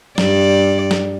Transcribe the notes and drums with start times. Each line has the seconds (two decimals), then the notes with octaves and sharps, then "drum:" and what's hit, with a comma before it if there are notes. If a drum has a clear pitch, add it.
0.18 G2 D5, drum: snare
0.91 drum: snare